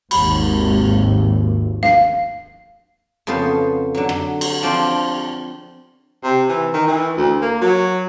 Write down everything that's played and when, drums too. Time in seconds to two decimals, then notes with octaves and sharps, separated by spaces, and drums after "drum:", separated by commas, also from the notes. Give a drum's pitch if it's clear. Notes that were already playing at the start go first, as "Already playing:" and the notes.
0.11 G#1 D#2 B5, drum: cymbal
1.83 F5, drum: snare
3.27 F2 C#3 B3 A4 C5
3.95 D3 F#3
4.09 drum: rim click
4.41 drum: cymbal
4.63 F3 C4 D4 F4 C5 D5
6.24 C3
6.49 E3
6.73 D#3
6.87 E3
7.17 D2
7.42 A#3
7.61 F#3